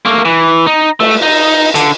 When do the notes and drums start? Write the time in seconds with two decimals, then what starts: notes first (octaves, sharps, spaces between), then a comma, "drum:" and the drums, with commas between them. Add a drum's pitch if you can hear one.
0.05 A3 A#3
0.25 E3
0.67 D#4
1.00 A3, drum: cymbal
1.22 D#4
1.75 D3, drum: hi-hat